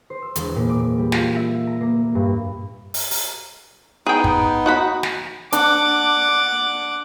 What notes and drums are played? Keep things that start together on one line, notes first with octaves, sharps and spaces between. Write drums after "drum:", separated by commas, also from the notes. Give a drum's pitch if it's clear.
C5
E6
E1, drum: hi-hat
A#2
D6
G3
F4, drum: snare
E5
A#5
A#3
G2
drum: open hi-hat
drum: open hi-hat
B3 D#4 G#4 G5
drum: kick
F#4 F#5 B5
drum: snare
D4 F#5 D6, drum: hi-hat